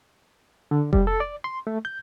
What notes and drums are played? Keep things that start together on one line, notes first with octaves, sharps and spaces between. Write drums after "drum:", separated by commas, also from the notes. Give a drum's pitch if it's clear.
D3
G3, drum: kick F1
A4
D5
C6
A3
G6